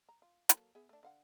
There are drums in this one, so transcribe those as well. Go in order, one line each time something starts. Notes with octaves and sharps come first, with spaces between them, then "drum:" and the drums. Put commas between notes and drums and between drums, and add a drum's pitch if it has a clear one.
A#5
F4
F#3 A#3 A4, drum: hi-hat
B3 G#4 E5
A3 D4
D3 F5 F#5